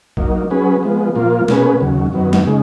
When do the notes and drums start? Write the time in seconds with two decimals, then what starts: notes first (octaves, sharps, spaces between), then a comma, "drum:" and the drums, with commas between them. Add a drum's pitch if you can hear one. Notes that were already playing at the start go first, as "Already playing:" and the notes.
0.17 F#3 A#3 D#4, drum: kick
0.50 F#3 C#4 G#4 B4
0.83 F3 G#3 B3
1.15 A#2 F3 A#3 F4
1.48 B2 A#3 C#4 G#4 B4, drum: snare
1.81 D#2 C#3 F#3
2.13 F#2 D#3 F#3 B3
2.33 drum: snare
2.46 C#3 G#3 D#4